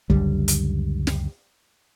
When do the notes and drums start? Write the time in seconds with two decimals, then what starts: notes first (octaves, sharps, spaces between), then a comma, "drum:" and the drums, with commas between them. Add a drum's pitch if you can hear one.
0.10 C#2 F#2 D3 G3, drum: kick
0.48 drum: hi-hat
1.07 drum: snare